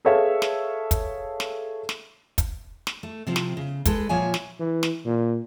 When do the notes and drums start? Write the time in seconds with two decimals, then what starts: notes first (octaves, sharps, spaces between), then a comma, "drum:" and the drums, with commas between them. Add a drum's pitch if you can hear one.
0.05 G#4 A4 B4 C#5 E5 F5
0.42 drum: snare
0.91 drum: kick, hi-hat
1.40 drum: snare
1.89 drum: snare
2.38 drum: kick, hi-hat
2.87 drum: snare
3.03 A3
3.27 C3 F3 C4
3.36 drum: snare
3.57 C#3
3.85 G#3 A4 B4, drum: kick, hi-hat
4.09 A#2 F3 A#3 C#5 E5 G#5
4.34 drum: snare
4.59 E3
4.83 drum: snare
5.05 A#2